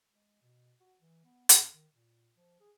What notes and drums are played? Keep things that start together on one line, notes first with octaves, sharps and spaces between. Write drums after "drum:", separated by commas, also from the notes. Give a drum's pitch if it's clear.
G#3
B2
F#4
E3
B3
B2, drum: hi-hat
D#3
A#2
F3
G#4